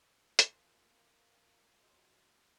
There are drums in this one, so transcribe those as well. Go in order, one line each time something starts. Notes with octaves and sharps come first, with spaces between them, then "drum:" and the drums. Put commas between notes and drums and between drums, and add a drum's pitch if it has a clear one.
F3 A#3 F4, drum: hi-hat
F#3 G#3 D#5